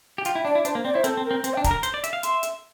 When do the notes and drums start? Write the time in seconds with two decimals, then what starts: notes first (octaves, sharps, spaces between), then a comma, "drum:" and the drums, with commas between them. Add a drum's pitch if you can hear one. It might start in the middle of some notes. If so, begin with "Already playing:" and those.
0.18 G4
0.25 F4 G5, drum: hi-hat
0.35 E4
0.45 D4 D5
0.55 E4
0.65 D4 C5, drum: hi-hat
0.75 A#3
0.85 C4 D5
0.94 E4 C5
1.04 C4 A4, drum: hi-hat
1.17 C4
1.25 A#4
1.31 C4
1.44 C4 C5, drum: hi-hat
1.54 G5
1.57 D4
1.64 A#5, drum: kick, hi-hat
1.71 A#4
1.83 C5, drum: hi-hat
1.94 D5
2.04 E5, drum: hi-hat
2.13 F5
2.23 E5 C6, drum: hi-hat
2.43 drum: hi-hat